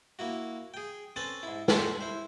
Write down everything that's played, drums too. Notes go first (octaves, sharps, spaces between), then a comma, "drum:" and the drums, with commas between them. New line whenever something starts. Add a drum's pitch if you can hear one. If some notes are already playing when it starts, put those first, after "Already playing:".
A#3 E4 F#4
G#4 G5
C4 C#4 A4 B4 A5
G#2 E4
C5 D5 F#5 G#5 C6 D6, drum: snare
E4 C5